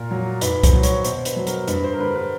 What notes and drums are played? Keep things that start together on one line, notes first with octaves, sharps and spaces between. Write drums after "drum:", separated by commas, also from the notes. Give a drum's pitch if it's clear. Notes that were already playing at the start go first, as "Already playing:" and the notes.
Already playing: A#2 A#4
F#3
G#2 B4, drum: hi-hat
C5, drum: kick C2, hi-hat
D#3 F#3
C#5, drum: hi-hat
B2 C5, drum: hi-hat
B4, drum: hi-hat
F#3
A#4, drum: hi-hat
G2 B4, drum: hi-hat
C5
A#4
D3 G3 B4
B4